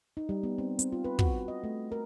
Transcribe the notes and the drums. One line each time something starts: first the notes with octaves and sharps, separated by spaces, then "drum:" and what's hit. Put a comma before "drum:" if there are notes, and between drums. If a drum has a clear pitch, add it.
D#4
G3
B3
C4
C4, drum: hi-hat
F4
B4
F#4, drum: kick
D#5
A3
A#4